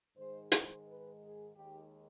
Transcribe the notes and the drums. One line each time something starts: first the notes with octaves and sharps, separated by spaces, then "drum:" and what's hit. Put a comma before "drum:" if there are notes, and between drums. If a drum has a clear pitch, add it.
G#2 D#3 G#3 C5
C5, drum: hi-hat
B4
G#4
D#2 D#3 G#3 G4